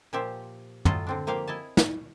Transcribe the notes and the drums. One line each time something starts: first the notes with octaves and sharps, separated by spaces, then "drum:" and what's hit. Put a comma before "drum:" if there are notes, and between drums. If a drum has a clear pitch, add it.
A#2 F3 G4 C5 E5
A2 F#3 F4 A4 D#5, drum: tom
D3 C4 D4
F3 A#3 G4 F5 G5
E4 D#5 G#5 A5
drum: snare